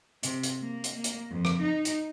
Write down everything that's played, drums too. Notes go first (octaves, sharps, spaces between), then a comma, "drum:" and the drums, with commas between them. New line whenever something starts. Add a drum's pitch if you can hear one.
C3, drum: hi-hat
drum: hi-hat
A#3
drum: hi-hat
A#3
drum: hi-hat
F2
drum: rim click
D#4
drum: hi-hat